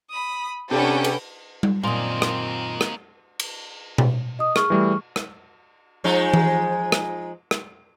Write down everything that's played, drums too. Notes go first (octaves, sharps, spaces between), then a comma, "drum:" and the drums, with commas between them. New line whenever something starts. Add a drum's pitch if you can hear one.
B5 D#6
C3 C#4 D4 A4 B4 F#5 G5
drum: cymbal
drum: tom G3
F#2 A#2 A#3 C4 D#4 G#5 C6
drum: rim click
drum: rim click
drum: cymbal
drum: tom B2
D#5 D#6
G#4 C#6 F6, drum: rim click
E3 G3 A3
drum: rim click
F3 G#3 D#4
drum: tom E3
drum: rim click
drum: rim click